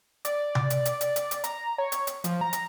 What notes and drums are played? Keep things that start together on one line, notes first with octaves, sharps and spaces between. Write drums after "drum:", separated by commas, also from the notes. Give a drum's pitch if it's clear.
D5, drum: hi-hat
drum: tom C3
drum: hi-hat
drum: hi-hat
drum: hi-hat
drum: hi-hat
drum: hi-hat
A#5, drum: hi-hat
C#5
drum: hi-hat
drum: hi-hat
F3, drum: hi-hat
A#5
drum: hi-hat